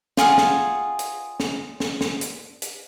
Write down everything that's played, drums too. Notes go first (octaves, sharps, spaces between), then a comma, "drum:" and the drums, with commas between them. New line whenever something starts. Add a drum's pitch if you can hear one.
F4 G#4 F5 F#5, drum: snare
drum: snare
drum: hi-hat
drum: snare
drum: snare
drum: snare
drum: hi-hat
drum: hi-hat